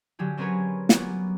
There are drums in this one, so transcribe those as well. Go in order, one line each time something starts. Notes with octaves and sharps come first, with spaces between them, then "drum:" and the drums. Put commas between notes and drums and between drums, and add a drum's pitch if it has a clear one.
D3 F#3 G4 G#4
C4 C#4 G#4 A#4 B4 C#5
F#3 G3 A#3 B3 C#4, drum: snare